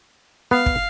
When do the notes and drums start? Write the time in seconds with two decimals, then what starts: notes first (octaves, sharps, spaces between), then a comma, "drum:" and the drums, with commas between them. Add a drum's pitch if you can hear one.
0.51 B3 F5
0.66 drum: kick